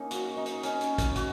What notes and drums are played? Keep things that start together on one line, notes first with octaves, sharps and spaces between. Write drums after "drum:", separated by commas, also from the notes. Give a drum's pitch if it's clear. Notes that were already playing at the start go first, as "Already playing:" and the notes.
Already playing: A#3 C#4 D#4
F#4, drum: hi-hat
D#4
drum: hi-hat
C#4, drum: hi-hat
drum: hi-hat
drum: kick, hi-hat
F#4, drum: hi-hat